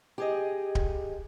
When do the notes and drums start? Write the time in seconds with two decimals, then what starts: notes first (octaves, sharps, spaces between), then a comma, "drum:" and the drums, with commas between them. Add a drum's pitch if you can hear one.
0.18 G4 G#4 D#5
0.75 drum: kick D1